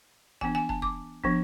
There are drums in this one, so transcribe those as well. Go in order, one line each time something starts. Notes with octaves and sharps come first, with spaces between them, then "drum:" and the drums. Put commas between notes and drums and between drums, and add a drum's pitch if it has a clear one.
E3 B3 D4 G#5, drum: kick
G#5
A5, drum: kick
D6, drum: kick
F3 B3 D4, drum: kick